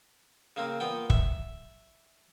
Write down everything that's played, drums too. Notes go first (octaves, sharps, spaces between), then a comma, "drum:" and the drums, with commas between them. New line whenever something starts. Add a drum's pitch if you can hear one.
C#3 A#3 C4
A#2 B3 G5
E5, drum: kick